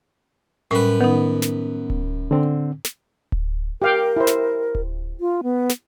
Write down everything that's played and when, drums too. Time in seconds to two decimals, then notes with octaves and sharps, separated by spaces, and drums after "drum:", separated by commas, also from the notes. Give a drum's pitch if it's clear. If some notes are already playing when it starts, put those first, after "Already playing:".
0.71 F#2 A2 G3 B4
1.01 D#3 B3 D#4
1.42 drum: snare
1.90 drum: kick D1
2.31 D3 C4
2.85 drum: snare
3.32 drum: kick D1
3.82 G4 A#4 F5 G5
4.16 E4 C5
4.27 drum: snare
4.75 drum: kick D1
5.20 F4
5.43 B3
5.70 drum: snare